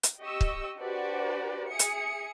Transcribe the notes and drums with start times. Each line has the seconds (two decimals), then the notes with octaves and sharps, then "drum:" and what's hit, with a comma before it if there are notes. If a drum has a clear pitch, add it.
0.03 drum: hi-hat
0.21 G4 D#5 C#6 E6
0.41 drum: kick
0.78 D4 F#4 G4 B4 C5 D5
1.70 G#4 E5 D#6 C#7
1.79 drum: hi-hat